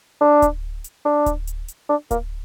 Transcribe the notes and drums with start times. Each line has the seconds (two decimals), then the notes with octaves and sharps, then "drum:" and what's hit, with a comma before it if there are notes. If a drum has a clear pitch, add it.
0.21 D4
0.42 drum: kick D1, hi-hat
0.84 drum: hi-hat
1.05 D4
1.26 drum: kick D1, hi-hat
1.47 drum: hi-hat
1.68 drum: hi-hat
1.89 D4
2.11 A#3, drum: kick D1, hi-hat